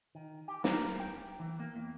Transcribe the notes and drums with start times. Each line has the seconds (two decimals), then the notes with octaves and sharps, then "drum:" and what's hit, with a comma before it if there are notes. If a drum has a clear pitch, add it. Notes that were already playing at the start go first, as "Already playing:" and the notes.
0.15 D#3
0.48 G4
0.64 A#4, drum: snare
1.00 G5
1.40 E3
1.60 A#3
1.76 E2